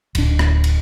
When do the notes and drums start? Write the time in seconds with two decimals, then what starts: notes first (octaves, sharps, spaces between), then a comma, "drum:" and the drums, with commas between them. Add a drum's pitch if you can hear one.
0.15 D1 D4, drum: cymbal
0.39 drum: rim click
0.64 drum: cymbal